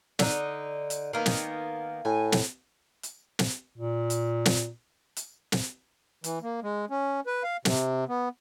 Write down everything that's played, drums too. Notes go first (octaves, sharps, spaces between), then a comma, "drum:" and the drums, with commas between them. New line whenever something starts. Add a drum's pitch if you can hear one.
D3 D#4, drum: snare
drum: hi-hat
D#3 A#3 B3
drum: snare
A2 G#5
drum: snare
drum: hi-hat
drum: snare
A#2
drum: hi-hat
drum: snare
drum: hi-hat
drum: snare
E3, drum: hi-hat
A#3
G#3
C#4
B4
F5
C3, drum: snare
B3